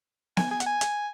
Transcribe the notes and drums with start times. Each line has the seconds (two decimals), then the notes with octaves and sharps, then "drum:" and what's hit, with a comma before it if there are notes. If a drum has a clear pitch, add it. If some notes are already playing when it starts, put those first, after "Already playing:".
0.37 G#5, drum: snare B3
0.51 G#5
0.60 F#5, drum: hi-hat
0.66 G#5
0.81 drum: hi-hat